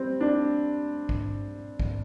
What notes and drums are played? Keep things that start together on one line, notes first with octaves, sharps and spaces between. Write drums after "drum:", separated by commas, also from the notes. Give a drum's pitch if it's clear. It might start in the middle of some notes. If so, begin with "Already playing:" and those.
Already playing: G3 C4
D4
drum: kick
drum: kick